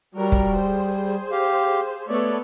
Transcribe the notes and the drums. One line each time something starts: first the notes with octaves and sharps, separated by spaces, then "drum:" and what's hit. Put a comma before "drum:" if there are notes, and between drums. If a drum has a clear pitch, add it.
F#3 G3 F#4 A#4
drum: kick
G#4 C5
G4 F5
A3 B3 A4 C#5 D5